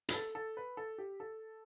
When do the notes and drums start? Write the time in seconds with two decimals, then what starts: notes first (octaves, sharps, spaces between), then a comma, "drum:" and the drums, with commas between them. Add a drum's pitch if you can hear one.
0.09 B4, drum: hi-hat
0.14 A4
0.35 A4
0.57 B4
0.77 A4
0.98 G4
1.20 A4